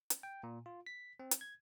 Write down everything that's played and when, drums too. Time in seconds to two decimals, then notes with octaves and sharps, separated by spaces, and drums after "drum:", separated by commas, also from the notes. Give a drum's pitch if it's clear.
0.10 drum: hi-hat
0.23 G5
0.43 A#2
0.66 F4
0.86 B6
1.20 C4
1.31 drum: hi-hat
1.41 G#6